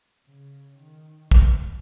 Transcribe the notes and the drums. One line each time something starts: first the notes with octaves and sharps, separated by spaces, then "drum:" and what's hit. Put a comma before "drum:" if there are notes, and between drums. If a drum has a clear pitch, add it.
C#3
D#3
B2, drum: kick